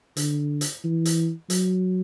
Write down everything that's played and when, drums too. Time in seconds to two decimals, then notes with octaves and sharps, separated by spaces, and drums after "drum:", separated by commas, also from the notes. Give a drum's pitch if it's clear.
0.17 D3, drum: hi-hat
0.61 drum: hi-hat
0.84 E3
1.05 drum: hi-hat
1.50 F#3, drum: hi-hat